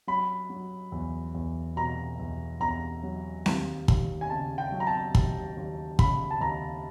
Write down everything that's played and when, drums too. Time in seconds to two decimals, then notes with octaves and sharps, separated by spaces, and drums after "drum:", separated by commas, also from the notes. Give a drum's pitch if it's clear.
0.07 F#3 B5
0.50 F#3
0.92 E2
1.35 E2
1.76 B2 A#5
2.19 E2
2.60 E2 A#5
3.03 F#3
3.46 D#2, drum: snare C4
3.88 D#2, drum: kick
4.21 G#5
4.30 C#3 A5
4.58 G5
4.72 F#3
4.80 A#5
4.87 A5
5.15 D#2, drum: kick
5.57 D#2
5.99 C#3 B5, drum: kick
6.31 A5
6.41 D#2 A#5